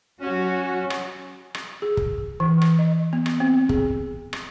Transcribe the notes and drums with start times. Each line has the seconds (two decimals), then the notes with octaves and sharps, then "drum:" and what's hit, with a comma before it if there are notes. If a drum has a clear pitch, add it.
0.21 F#3 C#4 F#4
0.90 drum: rim click
1.54 drum: rim click
1.82 G#4
1.97 drum: kick
2.40 E3
2.61 drum: rim click
2.79 D#5
3.13 B3
3.26 drum: rim click
3.40 C4
3.69 G#4, drum: kick
4.33 drum: rim click